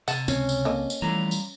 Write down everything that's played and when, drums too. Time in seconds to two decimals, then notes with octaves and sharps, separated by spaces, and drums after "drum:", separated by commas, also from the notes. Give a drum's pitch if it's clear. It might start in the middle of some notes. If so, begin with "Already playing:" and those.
0.08 C3 F#5 A5, drum: tambourine
0.28 C#2 C4 C#4, drum: tambourine
0.49 drum: tambourine
0.65 A#3 A4 D#5
0.90 drum: tambourine
1.02 E3 F3 G3 A3 A#5
1.31 drum: tambourine